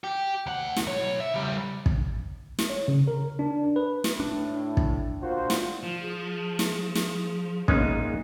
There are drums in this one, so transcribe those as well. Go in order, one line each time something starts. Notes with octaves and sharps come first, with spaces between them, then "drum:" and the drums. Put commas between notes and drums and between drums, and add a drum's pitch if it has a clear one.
G4
D2 F#5
drum: snare
B1 C#5
E5
C#3 G3
drum: kick
drum: snare
C#5
C#3
A#4
D4
B4
drum: snare
A2 D4
drum: kick
A#2 F4 F#4 C5
drum: snare
F3 F4
G#4
drum: snare
drum: snare
A#2 G#3 A#3 B3 C#4 D#4, drum: kick